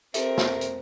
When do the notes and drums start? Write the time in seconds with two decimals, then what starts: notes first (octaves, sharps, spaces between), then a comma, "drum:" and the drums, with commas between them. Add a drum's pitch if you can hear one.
0.14 C4 G4 A4 A#4 E5, drum: hi-hat
0.38 drum: snare
0.61 drum: hi-hat